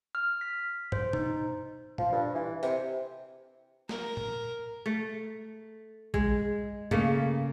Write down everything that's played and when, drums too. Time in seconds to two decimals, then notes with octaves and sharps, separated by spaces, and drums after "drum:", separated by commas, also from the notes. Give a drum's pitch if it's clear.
0.15 F6
0.41 B6
0.92 C5, drum: tom
1.13 D#4, drum: tom
1.98 F3, drum: tom
2.12 G2
2.35 E3
2.63 C3, drum: hi-hat
3.89 A#4, drum: snare
4.17 drum: tom
4.86 A3
6.14 G#3, drum: kick A#1
6.91 C#3 A3 A#3, drum: tom